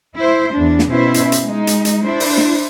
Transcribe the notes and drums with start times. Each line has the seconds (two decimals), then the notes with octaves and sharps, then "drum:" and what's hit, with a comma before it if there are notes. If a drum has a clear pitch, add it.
0.16 E4 C5
0.54 E2 D4
0.79 drum: snare
0.89 B2 C#4 E4 B4 C5 E5
1.14 drum: hi-hat
1.32 drum: hi-hat
1.44 G#3 D#4
1.67 drum: hi-hat
1.85 drum: hi-hat
2.02 D4 E4 C5
2.20 drum: open hi-hat
2.38 drum: snare